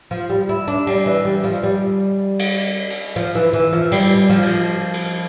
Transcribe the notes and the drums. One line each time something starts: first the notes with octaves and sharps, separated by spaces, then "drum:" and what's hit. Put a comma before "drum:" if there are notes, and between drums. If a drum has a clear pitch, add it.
F3
G3
E4
D4
G3, drum: cymbal
E3
G3
F3
G3
drum: cymbal
drum: cymbal
F3
E3
E3
F3
G3, drum: cymbal
F3
drum: cymbal
drum: cymbal